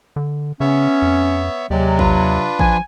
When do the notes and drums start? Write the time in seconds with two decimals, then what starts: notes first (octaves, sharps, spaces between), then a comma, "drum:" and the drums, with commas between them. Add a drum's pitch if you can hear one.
0.16 D3
0.60 C#3 B3 C#4 C#5 E5
1.02 F2
1.70 D#2 C3 F#3 G#3 G4 D5
1.99 D4 F4 B4, drum: kick A1
2.59 F3 G#5, drum: kick A1